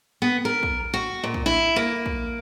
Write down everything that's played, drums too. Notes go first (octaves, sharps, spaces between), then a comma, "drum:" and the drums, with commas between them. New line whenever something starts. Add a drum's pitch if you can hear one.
B3
A#4
drum: kick
F#4
A#2
drum: kick
E4
A#3
drum: kick